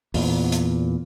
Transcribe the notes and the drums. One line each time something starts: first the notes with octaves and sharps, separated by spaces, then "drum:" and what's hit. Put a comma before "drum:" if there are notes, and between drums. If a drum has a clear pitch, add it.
E2 A#2, drum: open hi-hat
drum: hi-hat